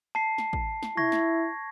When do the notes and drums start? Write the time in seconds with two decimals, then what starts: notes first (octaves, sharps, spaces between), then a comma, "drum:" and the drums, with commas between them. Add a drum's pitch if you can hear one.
0.15 A5 C7
0.38 drum: snare
0.53 drum: kick
0.83 drum: snare
0.97 E4 C#6 G#6 A#6, drum: tom B2
1.12 drum: snare